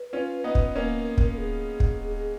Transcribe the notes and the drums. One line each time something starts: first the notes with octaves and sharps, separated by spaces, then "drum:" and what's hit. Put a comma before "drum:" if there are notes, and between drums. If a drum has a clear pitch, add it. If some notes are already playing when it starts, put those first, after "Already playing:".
Already playing: B4
C#4 F4
B3 D#4
drum: kick
A#3 C#4 A#4
drum: kick
A#4
G#4
drum: kick
G#4
G#4